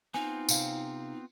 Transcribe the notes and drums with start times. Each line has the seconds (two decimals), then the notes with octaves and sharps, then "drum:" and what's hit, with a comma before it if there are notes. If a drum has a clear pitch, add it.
0.14 B3 C4 D#4 F4 G#5
0.49 C3 F5, drum: tambourine